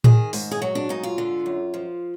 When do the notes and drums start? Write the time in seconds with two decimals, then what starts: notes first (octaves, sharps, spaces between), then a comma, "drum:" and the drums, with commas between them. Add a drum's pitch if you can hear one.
0.04 D#3 G#4, drum: tom A2
0.33 G#2, drum: open hi-hat
0.51 G#4
0.62 F#3 F#4
0.75 D4
0.89 G#2 D#4
1.03 F4
1.18 D3
1.46 F#2
1.74 F3